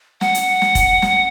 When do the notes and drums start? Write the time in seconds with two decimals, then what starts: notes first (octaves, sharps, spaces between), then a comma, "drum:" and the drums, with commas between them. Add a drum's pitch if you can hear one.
0.21 F#5, drum: snare
0.34 drum: hi-hat
0.62 drum: snare
0.75 drum: kick F1, hi-hat
1.02 drum: snare